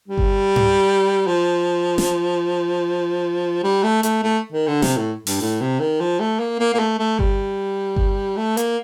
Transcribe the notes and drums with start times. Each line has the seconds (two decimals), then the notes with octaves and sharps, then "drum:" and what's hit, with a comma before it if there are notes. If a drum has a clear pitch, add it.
0.08 G3
0.18 drum: kick G1
0.56 drum: tom G#2
1.27 F3
1.98 drum: snare
3.63 G3
3.83 A3
4.03 A3, drum: hi-hat
4.23 A3
4.52 D#3
4.67 D3
4.82 C3, drum: snare
4.97 A2
5.27 G2, drum: open hi-hat
5.41 A2
5.61 C3
5.80 D#3
6.01 F3
6.20 A3
6.40 A#3
6.60 A#3
6.74 A#3
6.79 A3
6.99 A3
7.19 G3, drum: kick G1
7.96 drum: kick G1
8.37 A3
8.57 A#3, drum: hi-hat